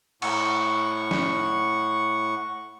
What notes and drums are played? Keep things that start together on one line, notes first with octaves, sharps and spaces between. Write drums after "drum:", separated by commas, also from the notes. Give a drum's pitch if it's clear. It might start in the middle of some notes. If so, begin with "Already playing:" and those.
A2 F#5 C#6, drum: cymbal
drum: snare